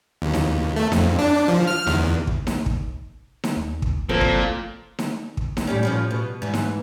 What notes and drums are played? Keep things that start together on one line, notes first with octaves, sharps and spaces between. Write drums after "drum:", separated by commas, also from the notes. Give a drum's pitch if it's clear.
D#2
drum: snare D#4
A3
F2, drum: snare D#4
D4
F3
F6
E2, drum: snare D#4
drum: kick
drum: snare D#4
drum: kick
drum: snare D#4
D#2
drum: kick
G1 A#2 F3 C4 A4
drum: kick
drum: snare D#4
drum: kick
drum: snare D#4
A2 G3 C#4
A2 F3 C#4
B2
G#2 E3
drum: snare D#4